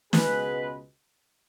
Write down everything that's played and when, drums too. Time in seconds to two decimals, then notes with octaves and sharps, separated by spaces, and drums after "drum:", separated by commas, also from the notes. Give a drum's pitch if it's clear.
0.13 C#2 B2 G#3 B3 G#4 B4, drum: snare